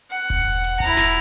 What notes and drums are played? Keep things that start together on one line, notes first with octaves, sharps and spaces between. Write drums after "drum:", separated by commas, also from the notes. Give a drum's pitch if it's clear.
F#5
drum: kick E1, open hi-hat
drum: hi-hat
E4 A#5, drum: kick E1
drum: snare